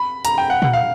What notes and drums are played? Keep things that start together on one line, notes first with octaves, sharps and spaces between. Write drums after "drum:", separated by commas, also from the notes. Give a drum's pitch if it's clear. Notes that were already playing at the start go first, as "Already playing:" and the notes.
Already playing: B5
A#5, drum: hi-hat
G5
F#5
F#5, drum: tom A#2
F5